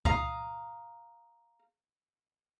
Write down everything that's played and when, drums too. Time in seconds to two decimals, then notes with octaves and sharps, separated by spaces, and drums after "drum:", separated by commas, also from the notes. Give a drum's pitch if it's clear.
0.05 F5 A#5 D#6, drum: kick C#2